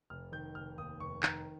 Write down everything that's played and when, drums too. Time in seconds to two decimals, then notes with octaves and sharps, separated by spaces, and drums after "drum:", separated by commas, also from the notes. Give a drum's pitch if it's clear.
0.10 F1 F6
0.32 D#3 G6
0.55 F1 F6
0.78 D#2 D#6
1.00 F1 C#6
1.23 D#3 A#5, drum: clap